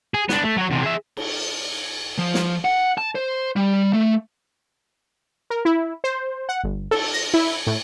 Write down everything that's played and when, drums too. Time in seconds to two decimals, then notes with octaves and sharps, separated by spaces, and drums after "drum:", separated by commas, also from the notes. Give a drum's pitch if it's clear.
0.14 G#4
0.29 B3 D4, drum: snare
0.44 A3
0.57 F#3 C#5
0.70 E2 C3
0.83 G#4 E5
1.17 drum: cymbal
2.18 F3
2.34 drum: snare
2.65 F#5
2.98 A5
3.15 C5
3.56 G3
3.93 A3
5.50 A#4
5.65 E4
6.04 C5
6.49 F#5
6.64 G1
6.91 A4, drum: cymbal
7.13 A#6
7.34 E4
7.67 A2